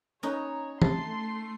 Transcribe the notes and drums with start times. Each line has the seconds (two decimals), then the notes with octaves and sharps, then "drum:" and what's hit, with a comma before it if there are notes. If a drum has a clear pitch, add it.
0.23 C#4 D#4 B4 C#5 A#5 A#6
0.82 A3 A5 C6 C7, drum: tom